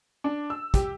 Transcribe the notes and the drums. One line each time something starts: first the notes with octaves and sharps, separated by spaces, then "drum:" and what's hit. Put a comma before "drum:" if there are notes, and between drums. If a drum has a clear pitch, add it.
D4
E6
G4, drum: kick, hi-hat